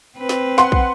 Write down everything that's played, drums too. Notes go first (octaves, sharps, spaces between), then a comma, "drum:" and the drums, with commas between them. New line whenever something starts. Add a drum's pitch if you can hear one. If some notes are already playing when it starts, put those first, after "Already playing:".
C4 B4
drum: snare
F#5 C6, drum: snare
drum: kick